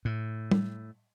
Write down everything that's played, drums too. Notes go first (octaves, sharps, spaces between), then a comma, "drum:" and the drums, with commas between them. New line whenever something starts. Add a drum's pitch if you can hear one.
A2
drum: tom